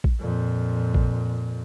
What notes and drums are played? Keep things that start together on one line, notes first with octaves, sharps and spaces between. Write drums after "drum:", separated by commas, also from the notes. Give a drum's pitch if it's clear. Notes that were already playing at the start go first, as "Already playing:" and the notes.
drum: kick A#1
F2 A#2
drum: kick A#1